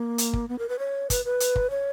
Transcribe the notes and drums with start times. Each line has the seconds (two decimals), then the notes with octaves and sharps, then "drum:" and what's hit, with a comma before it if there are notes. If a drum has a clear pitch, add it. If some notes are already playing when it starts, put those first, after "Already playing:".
Already playing: A#3
0.18 drum: hi-hat
0.33 drum: kick
0.49 B3
0.59 A#4
0.69 B4
0.79 C#5
1.10 B4, drum: kick, hi-hat
1.25 B4
1.40 drum: hi-hat
1.56 drum: kick
1.70 C#5